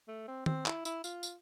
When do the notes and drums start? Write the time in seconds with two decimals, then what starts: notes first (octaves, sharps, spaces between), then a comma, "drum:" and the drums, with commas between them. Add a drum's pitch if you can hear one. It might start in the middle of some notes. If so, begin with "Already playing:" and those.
0.08 A3
0.28 C4
0.46 C4, drum: tom D#3
0.66 E4, drum: clap
0.85 E4, drum: tambourine
1.04 F4, drum: tambourine
1.23 drum: tambourine